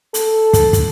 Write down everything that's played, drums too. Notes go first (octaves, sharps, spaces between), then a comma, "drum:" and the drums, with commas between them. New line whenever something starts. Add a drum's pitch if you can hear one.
A4, drum: hi-hat
drum: kick, hi-hat
drum: kick, hi-hat